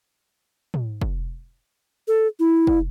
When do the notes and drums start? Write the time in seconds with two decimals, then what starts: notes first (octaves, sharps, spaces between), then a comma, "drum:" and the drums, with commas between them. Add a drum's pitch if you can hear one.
0.74 drum: tom
1.02 drum: kick
2.08 A4
2.40 E4
2.67 drum: kick